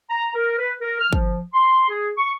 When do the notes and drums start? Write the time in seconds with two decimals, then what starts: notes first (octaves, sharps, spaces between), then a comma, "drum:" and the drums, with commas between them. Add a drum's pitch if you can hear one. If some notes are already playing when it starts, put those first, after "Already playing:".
0.10 A#5
0.35 A#4
0.58 B4
0.81 A#4
1.00 F6
1.13 F3, drum: kick
1.54 C6
1.90 G#4
2.17 C#6